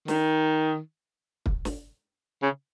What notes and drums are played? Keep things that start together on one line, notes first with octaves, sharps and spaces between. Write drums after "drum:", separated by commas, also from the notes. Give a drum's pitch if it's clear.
D#3, drum: snare
drum: kick
drum: snare
C#3